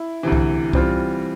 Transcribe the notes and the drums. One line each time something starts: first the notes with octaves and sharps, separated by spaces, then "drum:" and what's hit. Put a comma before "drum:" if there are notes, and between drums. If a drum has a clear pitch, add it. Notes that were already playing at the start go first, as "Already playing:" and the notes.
Already playing: E4
D2 C3 E3
drum: kick C2
E3 G3 C4 F4, drum: kick C2